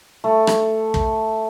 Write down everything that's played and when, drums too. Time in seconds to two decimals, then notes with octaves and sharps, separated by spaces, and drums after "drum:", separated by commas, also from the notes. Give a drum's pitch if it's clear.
0.24 A3
0.47 drum: rim click
0.94 drum: kick